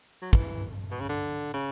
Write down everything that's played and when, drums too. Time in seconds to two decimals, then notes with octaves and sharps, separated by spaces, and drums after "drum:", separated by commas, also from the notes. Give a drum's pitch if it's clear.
0.22 F#3
0.33 E3, drum: kick
0.91 B2
1.00 C#3
1.09 D3
1.54 C#3